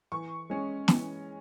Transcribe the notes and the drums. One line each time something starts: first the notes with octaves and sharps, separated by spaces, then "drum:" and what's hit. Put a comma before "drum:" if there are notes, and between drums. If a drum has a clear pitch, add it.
E3 C#6
G#3 C#4
E3, drum: snare